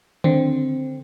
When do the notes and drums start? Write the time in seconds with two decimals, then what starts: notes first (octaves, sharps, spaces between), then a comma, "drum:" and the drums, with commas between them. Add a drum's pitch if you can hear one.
0.24 D3 C4, drum: tom D#3